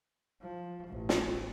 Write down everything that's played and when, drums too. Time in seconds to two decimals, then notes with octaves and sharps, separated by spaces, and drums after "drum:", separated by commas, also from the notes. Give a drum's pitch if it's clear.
0.41 F3
0.87 A1
1.09 drum: snare